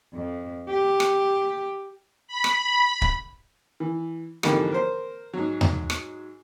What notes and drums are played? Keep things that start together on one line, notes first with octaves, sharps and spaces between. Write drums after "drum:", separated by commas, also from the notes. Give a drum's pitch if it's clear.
F2
G4
drum: rim click
B5
drum: rim click
drum: kick
E3
F2 G#2 D3 E3 G3 A#3, drum: rim click
A#4 C5
G#2 F#3
drum: tom E2
drum: rim click